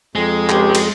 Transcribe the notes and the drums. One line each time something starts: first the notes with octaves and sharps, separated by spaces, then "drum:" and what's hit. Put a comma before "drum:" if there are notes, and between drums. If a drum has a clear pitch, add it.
F2 G#3
C#2 G4, drum: clap
drum: cymbal